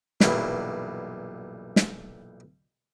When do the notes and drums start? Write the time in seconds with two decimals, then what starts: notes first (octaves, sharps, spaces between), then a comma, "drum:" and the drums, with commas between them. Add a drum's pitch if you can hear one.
0.20 B1 G2 A#2 E3 F#3, drum: snare
1.76 drum: snare